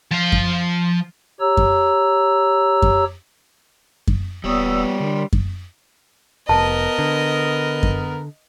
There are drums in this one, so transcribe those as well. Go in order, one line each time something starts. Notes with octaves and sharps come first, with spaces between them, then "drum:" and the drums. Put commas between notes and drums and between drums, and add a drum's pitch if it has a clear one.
F3 F5
drum: kick F#2
G4 C#5 A#5 E6
drum: kick F#2
drum: kick F#2
drum: kick F#2
D#1 G3 B3 C#5 D5 D#6 E6
D3 D4 A#4 C6
drum: kick F#2
F1 B3 A#4 D#5 A5
D3
drum: kick F#2